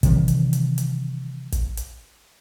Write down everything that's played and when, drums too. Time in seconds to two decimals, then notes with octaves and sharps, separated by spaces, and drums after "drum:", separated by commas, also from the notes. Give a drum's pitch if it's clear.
0.03 C3 D#3 E3 G3, drum: kick, hi-hat
0.28 drum: hi-hat
0.53 drum: hi-hat
0.78 drum: hi-hat
1.52 drum: kick, hi-hat
1.77 drum: hi-hat